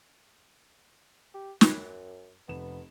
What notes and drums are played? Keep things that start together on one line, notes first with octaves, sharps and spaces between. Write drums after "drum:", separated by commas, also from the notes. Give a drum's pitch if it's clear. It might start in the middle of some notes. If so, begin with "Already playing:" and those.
G4
F#2, drum: snare
F1 B3 E7